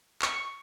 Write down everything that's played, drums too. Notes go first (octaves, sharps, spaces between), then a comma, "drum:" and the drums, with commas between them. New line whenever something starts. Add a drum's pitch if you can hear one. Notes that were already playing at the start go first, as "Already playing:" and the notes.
C#6, drum: clap